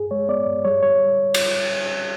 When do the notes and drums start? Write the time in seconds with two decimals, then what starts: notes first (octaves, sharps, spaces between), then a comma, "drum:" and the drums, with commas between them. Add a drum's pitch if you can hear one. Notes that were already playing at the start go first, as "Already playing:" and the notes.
Already playing: G2 G#4
0.11 G#3 C#5
0.29 B3 D5
0.46 G2
0.65 G3 C#5
0.83 G3 C#5
1.34 drum: cymbal